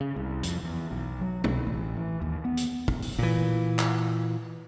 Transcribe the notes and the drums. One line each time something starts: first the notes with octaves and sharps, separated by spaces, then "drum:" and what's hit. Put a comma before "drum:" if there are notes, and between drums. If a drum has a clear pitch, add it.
C#3
C2
F2, drum: hi-hat
E2
B1
F#3
C2, drum: tom
A1
E3
D#2
B3
drum: hi-hat
drum: kick
drum: open hi-hat
A#2 E3
drum: clap